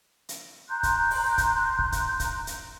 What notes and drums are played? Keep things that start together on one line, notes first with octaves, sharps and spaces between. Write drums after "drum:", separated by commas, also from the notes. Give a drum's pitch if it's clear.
drum: hi-hat
A#5 C6 F#6 G6
drum: kick, hi-hat
drum: open hi-hat
drum: kick, hi-hat
drum: kick
drum: kick, hi-hat
drum: kick, hi-hat
drum: hi-hat